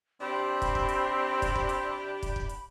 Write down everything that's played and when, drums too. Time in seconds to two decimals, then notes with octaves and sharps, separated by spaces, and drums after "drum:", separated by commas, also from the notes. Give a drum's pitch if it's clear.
0.21 C3 C4 D4 G4 B5
0.62 drum: kick, hi-hat
0.75 drum: kick
0.88 drum: hi-hat
1.42 drum: kick, hi-hat
1.56 drum: kick
1.69 drum: hi-hat
2.23 drum: kick, hi-hat
2.36 drum: kick
2.49 drum: hi-hat